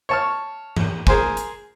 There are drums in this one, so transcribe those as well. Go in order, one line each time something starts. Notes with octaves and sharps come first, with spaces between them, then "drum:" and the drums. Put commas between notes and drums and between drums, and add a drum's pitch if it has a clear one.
C#5 A5 F6
drum: tom G2
G#4 A#4 C5 G#5, drum: kick
drum: hi-hat